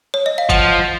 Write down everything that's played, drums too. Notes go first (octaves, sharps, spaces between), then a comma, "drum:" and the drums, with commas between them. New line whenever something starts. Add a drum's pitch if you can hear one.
C#5
D#5
F5
F3 F#5, drum: kick G1, hi-hat